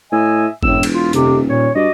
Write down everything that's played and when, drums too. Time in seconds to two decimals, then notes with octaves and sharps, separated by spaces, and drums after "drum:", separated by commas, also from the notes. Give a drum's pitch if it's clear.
0.12 A2 D#5 E5 G#5
0.63 E1 F#2 A2 E6, drum: kick G1
0.83 drum: cymbal
0.93 F4
1.13 D#1 F2 C3, drum: hi-hat
1.49 A#2 C#5
1.75 G2 F#4 D5 D#5